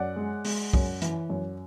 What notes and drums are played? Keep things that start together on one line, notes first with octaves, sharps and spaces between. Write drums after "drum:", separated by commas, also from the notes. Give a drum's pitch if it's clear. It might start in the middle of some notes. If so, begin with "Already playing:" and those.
Already playing: F#2 D5 F#5
G#3
G#3, drum: open hi-hat
F#2, drum: kick
E3, drum: hi-hat
F#2